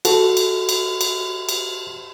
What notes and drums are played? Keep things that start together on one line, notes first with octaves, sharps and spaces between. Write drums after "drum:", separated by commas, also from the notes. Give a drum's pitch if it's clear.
F#4 A4, drum: cymbal
drum: cymbal
drum: cymbal
drum: cymbal
drum: cymbal